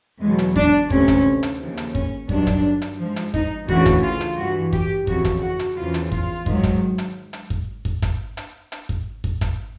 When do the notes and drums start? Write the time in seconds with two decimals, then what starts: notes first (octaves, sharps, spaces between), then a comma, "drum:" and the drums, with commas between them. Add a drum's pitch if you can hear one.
0.21 E2 B2 F#3 G#3
0.39 drum: hi-hat
0.56 D4, drum: kick
0.90 D2 C3 E3 C#4, drum: kick
1.08 drum: kick, hi-hat
1.43 drum: hi-hat
1.60 D#2 C#3 F3
1.77 drum: hi-hat
1.95 C#4, drum: kick
2.29 G2 D#3 F#3 D4, drum: kick
2.47 drum: kick, hi-hat
2.82 drum: hi-hat
2.99 G#2 F3
3.16 drum: hi-hat
3.34 D#4, drum: kick
3.69 D2 C#3 E3 F#4, drum: kick
3.86 drum: kick, hi-hat
4.03 F4
4.20 drum: hi-hat
4.38 G2 E3 F#4
4.73 G4, drum: kick
5.07 F2 C#3 E3 F#4, drum: kick
5.25 drum: kick, hi-hat
5.42 F#4
5.59 drum: hi-hat
5.77 E2 C#3 F3 F4
5.94 drum: hi-hat
6.12 F4, drum: kick
6.46 G#2 D#3 F#3, drum: kick
6.64 drum: kick, hi-hat
6.98 drum: hi-hat
7.33 drum: hi-hat
7.50 drum: kick
7.85 drum: kick
8.02 drum: kick, hi-hat
8.37 drum: hi-hat
8.72 drum: hi-hat
8.89 drum: kick
9.24 drum: kick
9.41 drum: kick, hi-hat